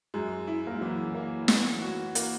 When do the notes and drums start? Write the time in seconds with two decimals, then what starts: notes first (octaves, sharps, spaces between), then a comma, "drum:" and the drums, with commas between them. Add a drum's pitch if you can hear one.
0.14 F#2 G#3
0.47 E4
0.67 A#3
0.74 G#3
0.81 E3 F#3
1.15 A#3
1.48 E3, drum: snare
1.82 F#4
2.15 A#3, drum: hi-hat